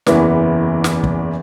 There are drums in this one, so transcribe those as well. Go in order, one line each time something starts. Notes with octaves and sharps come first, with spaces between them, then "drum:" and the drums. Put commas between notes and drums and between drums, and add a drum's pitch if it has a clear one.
F#1 E2 E3 B3, drum: snare
drum: snare
drum: kick